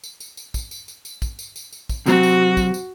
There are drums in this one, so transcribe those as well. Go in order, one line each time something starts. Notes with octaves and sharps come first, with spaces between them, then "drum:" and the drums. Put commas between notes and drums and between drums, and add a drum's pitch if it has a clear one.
drum: tambourine
drum: tambourine
drum: tambourine
drum: kick, tambourine
drum: tambourine
drum: tambourine
drum: tambourine
drum: kick, tambourine
drum: tambourine
drum: tambourine
drum: tambourine
drum: kick, tambourine
C3 F#3 C4 F#4, drum: tambourine
drum: tambourine
drum: kick, tambourine
drum: tambourine